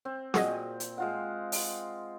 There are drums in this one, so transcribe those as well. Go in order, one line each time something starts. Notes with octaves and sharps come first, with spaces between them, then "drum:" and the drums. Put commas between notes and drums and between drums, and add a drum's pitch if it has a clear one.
C4
A#2 F#4 G#4 D#5, drum: snare
drum: hi-hat
G#3 F4 F#5
drum: open hi-hat